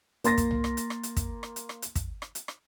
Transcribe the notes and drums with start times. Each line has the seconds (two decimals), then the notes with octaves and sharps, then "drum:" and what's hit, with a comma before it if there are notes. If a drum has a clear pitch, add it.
0.24 A#3 C6 A6 A#6, drum: hi-hat
0.38 drum: kick, hi-hat
0.51 drum: tom C2
0.64 drum: rim click
0.77 drum: hi-hat
0.90 drum: rim click
1.03 drum: hi-hat
1.17 drum: kick, hi-hat
1.43 drum: rim click
1.56 drum: hi-hat
1.69 drum: rim click
1.82 drum: hi-hat
1.95 drum: kick, hi-hat
2.22 drum: rim click
2.35 drum: hi-hat
2.48 drum: rim click